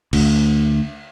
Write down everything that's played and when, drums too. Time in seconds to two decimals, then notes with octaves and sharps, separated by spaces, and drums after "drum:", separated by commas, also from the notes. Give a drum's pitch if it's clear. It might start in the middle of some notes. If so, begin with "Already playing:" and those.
0.13 D2, drum: cymbal